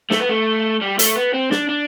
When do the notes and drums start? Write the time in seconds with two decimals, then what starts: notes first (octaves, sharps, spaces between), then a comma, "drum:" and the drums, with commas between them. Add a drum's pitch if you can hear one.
0.11 A3, drum: snare
0.20 B3
0.30 A3
0.82 G3
0.99 A3, drum: hi-hat
1.16 B3
1.34 C4
1.51 D4, drum: snare
1.69 D4